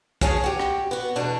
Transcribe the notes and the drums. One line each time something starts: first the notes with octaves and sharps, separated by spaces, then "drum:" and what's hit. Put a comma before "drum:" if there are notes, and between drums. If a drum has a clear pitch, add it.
D2 C#3 G#4 C#5 G#5 A5, drum: kick
F#4 G4
drum: rim click
B3 F#4
E2 B2 A3 D4